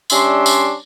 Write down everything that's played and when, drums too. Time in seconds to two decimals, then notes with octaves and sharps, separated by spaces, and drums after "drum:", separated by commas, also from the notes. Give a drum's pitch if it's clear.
0.10 G3 C#4 D4 E5 C6, drum: tambourine
0.46 drum: tambourine